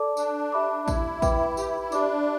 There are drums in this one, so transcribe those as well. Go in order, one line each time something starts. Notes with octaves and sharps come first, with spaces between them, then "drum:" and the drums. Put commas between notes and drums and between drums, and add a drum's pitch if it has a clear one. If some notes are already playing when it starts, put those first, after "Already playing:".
Already playing: A4 D5 A5 D6
D4, drum: tambourine
G4 E5 B5 D6
E4, drum: kick A1, tambourine
B4 E5 G5 D6, drum: kick A1, tambourine
G4, drum: tambourine
E4
E4
D4 G4 E5 B5 D6, drum: tambourine